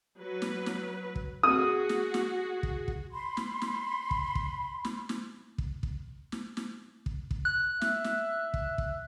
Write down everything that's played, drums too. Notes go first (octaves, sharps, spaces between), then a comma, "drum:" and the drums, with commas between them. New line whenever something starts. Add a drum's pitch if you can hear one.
F#3 B4
drum: snare
drum: snare
drum: kick
F#4 G#4 D#6
drum: snare
drum: snare
drum: kick
drum: kick
B5 C6
drum: snare
drum: snare
drum: kick
drum: kick
drum: snare
drum: snare
drum: kick
drum: kick
drum: snare
drum: snare
drum: kick
drum: kick
F#6
E5, drum: snare
drum: snare
drum: kick
drum: kick